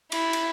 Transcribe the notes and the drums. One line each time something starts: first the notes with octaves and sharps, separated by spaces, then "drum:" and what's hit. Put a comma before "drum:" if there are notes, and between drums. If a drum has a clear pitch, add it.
E4, drum: cymbal
drum: cymbal